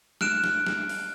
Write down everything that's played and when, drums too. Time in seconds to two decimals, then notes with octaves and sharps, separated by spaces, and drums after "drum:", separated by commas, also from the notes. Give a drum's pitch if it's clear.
0.21 F6 F#6 D7 E7, drum: snare
0.44 drum: snare
0.67 drum: snare
0.89 drum: open hi-hat